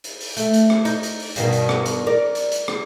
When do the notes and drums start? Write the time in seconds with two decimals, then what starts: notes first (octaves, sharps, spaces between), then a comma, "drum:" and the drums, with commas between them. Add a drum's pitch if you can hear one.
0.04 drum: hi-hat
0.21 drum: open hi-hat
0.37 A3, drum: hi-hat
0.54 drum: hi-hat
0.70 drum: rim click
0.85 D#4, drum: hi-hat
1.03 drum: hi-hat
1.20 drum: open hi-hat
1.36 G2 B2 D#3, drum: hi-hat
1.53 drum: hi-hat
1.69 drum: rim click
1.86 drum: hi-hat
2.07 A#4 D5
2.35 drum: hi-hat
2.52 drum: hi-hat
2.68 drum: rim click